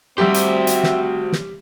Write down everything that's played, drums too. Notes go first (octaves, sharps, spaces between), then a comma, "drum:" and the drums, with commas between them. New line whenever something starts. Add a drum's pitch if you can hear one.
G3 C4 F#4 G4 C5 E5
drum: hi-hat
drum: hi-hat
drum: snare
drum: snare